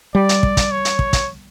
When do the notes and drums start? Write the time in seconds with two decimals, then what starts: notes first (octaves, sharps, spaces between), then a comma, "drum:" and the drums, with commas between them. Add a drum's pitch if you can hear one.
0.15 G3 D5
0.29 drum: hi-hat
0.43 drum: kick
0.57 drum: kick, hi-hat
0.72 C#5
0.85 drum: hi-hat
0.99 drum: kick
1.13 drum: kick, hi-hat